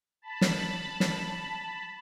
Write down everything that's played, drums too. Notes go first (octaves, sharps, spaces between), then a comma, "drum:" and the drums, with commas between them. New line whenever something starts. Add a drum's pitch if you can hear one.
A5 B5
drum: snare
drum: snare